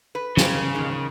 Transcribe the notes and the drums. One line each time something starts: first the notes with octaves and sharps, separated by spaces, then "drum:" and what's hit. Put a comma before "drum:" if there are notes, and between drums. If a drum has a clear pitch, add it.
B4
C#3 G#3 A#3 G4, drum: snare
A#2 D#3 G#3